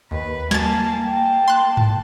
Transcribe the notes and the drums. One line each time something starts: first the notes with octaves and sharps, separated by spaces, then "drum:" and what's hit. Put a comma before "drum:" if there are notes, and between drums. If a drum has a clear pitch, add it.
D#2 B4
A#3 G#5 A5 G#6 A6, drum: snare
A#3 G5 A5
C6 F#6
drum: tom G#2